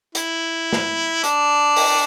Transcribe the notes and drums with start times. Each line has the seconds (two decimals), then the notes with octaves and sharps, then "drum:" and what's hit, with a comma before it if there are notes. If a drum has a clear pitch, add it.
0.15 E4, drum: hi-hat
0.73 drum: snare
1.24 D4, drum: hi-hat
1.76 drum: open hi-hat